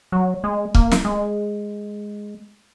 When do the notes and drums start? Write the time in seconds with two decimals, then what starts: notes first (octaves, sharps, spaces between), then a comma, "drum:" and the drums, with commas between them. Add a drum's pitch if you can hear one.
0.12 F#3
0.44 G#3
0.74 A#3, drum: kick C#1
0.91 drum: snare
1.05 G#3